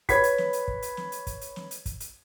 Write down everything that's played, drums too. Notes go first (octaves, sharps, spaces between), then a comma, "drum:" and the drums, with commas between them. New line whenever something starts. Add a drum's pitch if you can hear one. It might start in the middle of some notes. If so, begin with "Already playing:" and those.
B4 C#5 B5 G#6 B6, drum: kick, hi-hat
drum: hi-hat
drum: snare
drum: hi-hat
drum: kick
drum: hi-hat
drum: snare
drum: hi-hat
drum: kick, hi-hat
drum: hi-hat
drum: snare
drum: hi-hat
drum: kick, hi-hat
drum: hi-hat